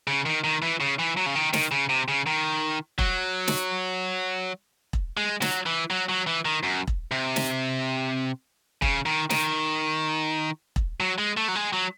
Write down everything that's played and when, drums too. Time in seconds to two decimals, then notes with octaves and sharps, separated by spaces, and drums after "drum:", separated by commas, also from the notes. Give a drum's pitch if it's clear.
0.07 C#3
0.26 D#3
0.44 D#3
0.62 E3
0.81 C#3
0.99 E3
1.17 F#3
1.26 C#3
1.35 D#3
1.53 D#3, drum: snare
1.71 C#3
1.89 C3
2.08 C#3
2.26 D#3
2.99 F#3, drum: kick E1
3.48 drum: snare
4.93 drum: kick E1
5.17 G#3
5.42 F#3, drum: snare
5.66 E3
5.90 F#3
6.09 F#3
6.27 E3
6.45 D#3
6.63 F#2
6.87 drum: kick E1
7.11 C3
7.36 drum: snare
8.82 C#3, drum: kick E1
9.06 D#3
9.30 D#3, drum: snare
10.76 drum: kick E1
11.00 F#3
11.18 G#3
11.37 A3
11.48 F#3
11.55 G#3
11.73 F#3